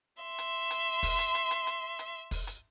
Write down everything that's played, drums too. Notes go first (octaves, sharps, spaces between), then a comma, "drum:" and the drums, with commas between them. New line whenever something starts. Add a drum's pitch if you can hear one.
E5 C6
drum: hi-hat
drum: hi-hat
drum: kick, open hi-hat
drum: hi-hat
drum: hi-hat
drum: hi-hat
drum: hi-hat
drum: hi-hat
drum: kick, open hi-hat
drum: hi-hat